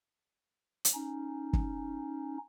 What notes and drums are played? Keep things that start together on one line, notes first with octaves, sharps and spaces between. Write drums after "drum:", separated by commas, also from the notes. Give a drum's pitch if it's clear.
drum: hi-hat
C#4 D#4
drum: kick